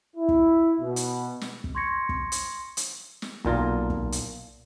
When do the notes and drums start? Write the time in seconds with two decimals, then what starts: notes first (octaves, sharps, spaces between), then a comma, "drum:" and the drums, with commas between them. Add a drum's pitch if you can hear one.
0.16 E4
0.28 drum: kick
0.80 B2
0.96 drum: hi-hat
1.41 drum: snare
1.64 drum: kick
1.75 C6 C#6 G#6 A#6 C#7
2.09 drum: kick
2.32 drum: hi-hat
2.77 drum: hi-hat
3.22 drum: snare
3.45 B1 A#2 F4 A#5, drum: kick
3.90 drum: kick
4.12 drum: hi-hat